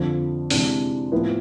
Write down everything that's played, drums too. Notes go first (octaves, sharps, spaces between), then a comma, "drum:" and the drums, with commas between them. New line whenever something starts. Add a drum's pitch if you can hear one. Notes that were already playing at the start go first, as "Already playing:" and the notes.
Already playing: F2 D3 F3
C3 E3 G#3 D4, drum: open hi-hat
A2 F3 B3 E4